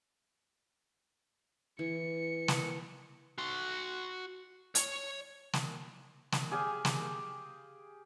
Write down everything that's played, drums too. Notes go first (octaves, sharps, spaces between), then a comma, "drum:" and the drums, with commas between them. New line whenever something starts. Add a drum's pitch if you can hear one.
E3 C#7
drum: snare
F#4 C6
C#5, drum: hi-hat
drum: snare
drum: snare
G4 G#4 F5 G#5
drum: snare